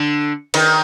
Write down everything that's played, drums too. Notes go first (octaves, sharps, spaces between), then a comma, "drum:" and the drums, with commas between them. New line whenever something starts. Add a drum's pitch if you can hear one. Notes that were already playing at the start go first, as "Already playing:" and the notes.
Already playing: D3 D4
D#3 D#4, drum: cymbal